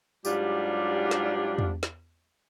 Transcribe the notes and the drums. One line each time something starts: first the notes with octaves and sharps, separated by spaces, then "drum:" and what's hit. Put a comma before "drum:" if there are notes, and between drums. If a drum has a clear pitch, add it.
G#2 F#3 G3 D4 F4 G4, drum: tambourine
drum: snare
drum: tom E2
drum: snare